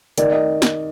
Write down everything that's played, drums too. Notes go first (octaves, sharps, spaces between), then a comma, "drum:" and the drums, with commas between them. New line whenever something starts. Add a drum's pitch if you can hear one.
D#3 D5, drum: hi-hat
D#5
drum: snare